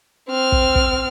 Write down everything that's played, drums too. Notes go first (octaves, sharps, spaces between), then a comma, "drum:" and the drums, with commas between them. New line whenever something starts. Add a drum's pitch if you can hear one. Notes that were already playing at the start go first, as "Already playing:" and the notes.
C4 F6
drum: kick
drum: kick